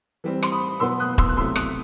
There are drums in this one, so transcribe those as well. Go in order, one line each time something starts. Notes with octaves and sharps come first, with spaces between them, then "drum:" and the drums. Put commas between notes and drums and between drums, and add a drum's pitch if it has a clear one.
E3 G3 C4
C6, drum: rim click
B5 D#6
B2 F#3 B3 C6 E6
D#6 F#6
C6 E6, drum: kick E1
F#6
C3 F#3 A3 C6 E6
D#6 F#6, drum: rim click